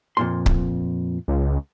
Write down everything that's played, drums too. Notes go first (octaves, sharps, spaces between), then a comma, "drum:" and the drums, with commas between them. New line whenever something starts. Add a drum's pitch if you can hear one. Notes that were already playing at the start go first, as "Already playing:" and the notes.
F2 A#2 C6
drum: kick C#1
C#2